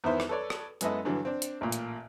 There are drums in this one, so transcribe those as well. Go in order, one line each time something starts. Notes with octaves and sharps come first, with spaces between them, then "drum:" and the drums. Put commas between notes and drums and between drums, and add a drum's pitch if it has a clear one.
E2 D#3 B3 E4 C5 E5
drum: rim click
A4 B4 C#5 D5
drum: rim click
F#2 G#3 B3 E4 A4 D#5, drum: hi-hat
G2 D3 E3 F#3
C4 D4
drum: hi-hat
A1 A#2
drum: hi-hat